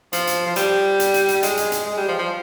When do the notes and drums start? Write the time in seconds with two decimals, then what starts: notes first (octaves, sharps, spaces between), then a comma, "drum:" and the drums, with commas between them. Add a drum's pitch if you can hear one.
0.13 F3, drum: hi-hat
0.27 drum: hi-hat
0.46 F3
0.56 G3, drum: hi-hat
1.00 drum: hi-hat
1.14 drum: hi-hat
1.28 drum: hi-hat
1.43 G#3, drum: hi-hat
1.57 drum: hi-hat
1.72 drum: hi-hat
1.86 G#3
1.97 G3
2.08 F3
2.19 F3